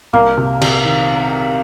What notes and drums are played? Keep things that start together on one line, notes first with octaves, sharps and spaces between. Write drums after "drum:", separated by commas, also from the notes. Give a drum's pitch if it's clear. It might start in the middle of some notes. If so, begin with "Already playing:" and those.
C2 A#3
C3
C3, drum: cymbal
D#3